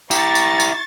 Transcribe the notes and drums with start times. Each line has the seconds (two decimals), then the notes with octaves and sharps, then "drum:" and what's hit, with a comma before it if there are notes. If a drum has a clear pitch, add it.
0.11 E4 G4 A#5 C#6 A6, drum: tambourine
0.35 drum: tambourine
0.60 drum: tambourine